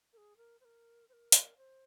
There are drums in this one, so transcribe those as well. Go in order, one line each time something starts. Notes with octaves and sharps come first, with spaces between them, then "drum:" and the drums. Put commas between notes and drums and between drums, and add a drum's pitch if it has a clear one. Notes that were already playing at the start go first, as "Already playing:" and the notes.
A#4
G#4
A#4
C5
A#4
C5
A#4
drum: hi-hat
C5